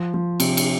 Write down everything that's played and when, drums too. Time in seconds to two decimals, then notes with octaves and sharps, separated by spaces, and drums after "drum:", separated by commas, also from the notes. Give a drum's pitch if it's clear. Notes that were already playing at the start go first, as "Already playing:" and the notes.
Already playing: F3
0.14 F3
0.40 C3, drum: cymbal
0.57 drum: cymbal